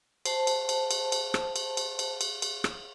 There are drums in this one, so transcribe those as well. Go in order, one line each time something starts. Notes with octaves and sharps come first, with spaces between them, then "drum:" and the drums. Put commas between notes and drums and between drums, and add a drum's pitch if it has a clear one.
C5 A5, drum: cymbal
drum: cymbal
drum: cymbal
drum: cymbal
drum: cymbal
drum: rim click
drum: cymbal
drum: cymbal
drum: cymbal
drum: cymbal
drum: cymbal
drum: rim click